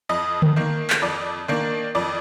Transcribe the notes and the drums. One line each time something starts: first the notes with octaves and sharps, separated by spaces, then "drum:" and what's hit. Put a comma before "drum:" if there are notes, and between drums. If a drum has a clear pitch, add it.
F2 D#5
drum: tom D3
D#3 A#3
drum: clap
F2 D5
D#3 A#3 D4
F2 D5